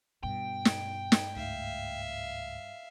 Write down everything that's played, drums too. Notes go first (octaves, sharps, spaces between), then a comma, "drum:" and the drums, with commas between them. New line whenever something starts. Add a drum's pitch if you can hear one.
G2 B2 G5
drum: snare
drum: snare
C#2 G#2 A3 E5 F5